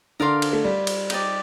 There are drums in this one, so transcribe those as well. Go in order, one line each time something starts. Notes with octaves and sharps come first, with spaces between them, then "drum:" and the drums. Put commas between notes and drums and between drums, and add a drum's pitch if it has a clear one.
D3 A#4 D5 F5 C6
drum: cymbal
A3
G3
drum: cymbal
D#4 G4 D5, drum: cymbal